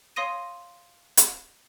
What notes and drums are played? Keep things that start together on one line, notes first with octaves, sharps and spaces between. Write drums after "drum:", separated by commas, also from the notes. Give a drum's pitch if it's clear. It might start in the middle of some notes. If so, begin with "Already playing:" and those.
C#5 F5 C6 D#6 A#6 D#7
drum: hi-hat